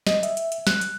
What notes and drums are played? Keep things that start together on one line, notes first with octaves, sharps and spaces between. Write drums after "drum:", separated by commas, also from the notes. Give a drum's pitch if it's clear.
D#5, drum: snare
E5, drum: hi-hat
drum: hi-hat
drum: hi-hat
F#6, drum: snare
drum: hi-hat